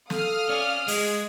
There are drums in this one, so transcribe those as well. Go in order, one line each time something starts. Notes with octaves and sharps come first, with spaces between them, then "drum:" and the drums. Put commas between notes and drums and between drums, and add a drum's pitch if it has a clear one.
A4 F5 D#6 F6, drum: snare
C#4 D5
G#3 G#4 D#5, drum: open hi-hat